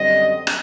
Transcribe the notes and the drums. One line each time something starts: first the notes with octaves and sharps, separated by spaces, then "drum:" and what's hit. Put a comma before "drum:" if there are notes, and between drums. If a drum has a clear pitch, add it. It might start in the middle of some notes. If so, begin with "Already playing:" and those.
Already playing: F#2 D3 G3 C4 D#5
drum: rim click